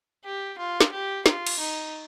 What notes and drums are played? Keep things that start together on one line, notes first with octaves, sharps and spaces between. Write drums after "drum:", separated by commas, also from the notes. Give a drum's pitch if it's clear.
G4
F4
drum: snare
G4
F4, drum: snare
drum: cymbal
D#4